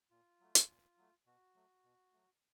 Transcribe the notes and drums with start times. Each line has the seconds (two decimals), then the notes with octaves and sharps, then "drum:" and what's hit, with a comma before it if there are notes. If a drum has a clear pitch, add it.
0.11 A#2 F4
0.40 F#3 A3
0.55 drum: hi-hat
0.69 A#2
0.97 F#3 A3
1.26 B2 F#4
1.55 F#3 A3
1.84 B2
2.13 F#3 A3